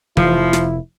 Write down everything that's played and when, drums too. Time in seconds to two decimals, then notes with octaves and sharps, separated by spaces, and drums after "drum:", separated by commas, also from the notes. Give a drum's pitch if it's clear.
0.17 F1 F3 E4, drum: tom E3
0.53 drum: snare